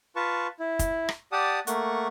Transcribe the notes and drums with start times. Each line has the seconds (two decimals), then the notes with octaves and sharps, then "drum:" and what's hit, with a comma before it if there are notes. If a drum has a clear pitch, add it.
0.16 F4 B4 A5 C#6
0.59 E4
0.79 drum: kick, hi-hat
1.09 drum: rim click
1.32 G4 D5 F#5 A5 D#6
1.67 A3 A#3 F#5 C#6, drum: hi-hat